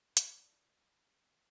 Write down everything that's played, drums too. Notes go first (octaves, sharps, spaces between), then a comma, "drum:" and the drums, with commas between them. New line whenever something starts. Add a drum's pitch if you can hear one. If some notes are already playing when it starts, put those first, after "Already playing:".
D4 E4 C#5 D5 F5 F#5, drum: hi-hat